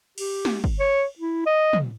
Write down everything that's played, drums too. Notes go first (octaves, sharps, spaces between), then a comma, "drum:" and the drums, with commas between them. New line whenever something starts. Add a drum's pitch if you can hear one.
G4, drum: cymbal
drum: snare
drum: kick
C#5
E4
D#5
drum: tom